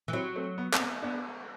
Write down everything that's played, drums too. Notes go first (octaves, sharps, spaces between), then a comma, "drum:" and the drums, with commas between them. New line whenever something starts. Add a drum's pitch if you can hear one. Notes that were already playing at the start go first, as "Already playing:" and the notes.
E3
F#3 C4 E4
A3 C4
B3
C4, drum: clap
B3
B3 D4